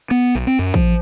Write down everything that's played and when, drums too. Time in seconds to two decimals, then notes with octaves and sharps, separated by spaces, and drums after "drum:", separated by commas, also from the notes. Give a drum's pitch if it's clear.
0.11 B3
0.35 B1
0.47 C4
0.59 F#2
0.74 F3, drum: kick